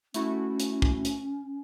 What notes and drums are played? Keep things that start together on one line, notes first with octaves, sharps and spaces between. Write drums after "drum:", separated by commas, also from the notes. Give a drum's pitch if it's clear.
A3 C#4 E4 F#4, drum: hi-hat
drum: hi-hat
drum: kick
drum: hi-hat